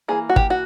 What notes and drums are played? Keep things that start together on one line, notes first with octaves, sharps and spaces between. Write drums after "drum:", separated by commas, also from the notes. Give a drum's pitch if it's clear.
E3 G3 A#3 G#4
F#4
G4, drum: kick
F#4